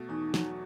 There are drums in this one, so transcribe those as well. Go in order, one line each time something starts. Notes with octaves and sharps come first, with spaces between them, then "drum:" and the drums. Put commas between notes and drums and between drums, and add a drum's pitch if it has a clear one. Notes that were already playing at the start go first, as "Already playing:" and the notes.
Already playing: B2 A3
E2 D#4
F#3, drum: snare